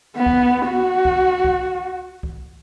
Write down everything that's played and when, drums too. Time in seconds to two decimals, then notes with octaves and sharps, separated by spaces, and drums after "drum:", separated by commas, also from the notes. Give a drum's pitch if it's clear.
0.16 B3
0.26 drum: kick C#2
0.66 F#4
1.05 drum: kick C#2
1.45 drum: kick C#2
2.23 drum: kick C#2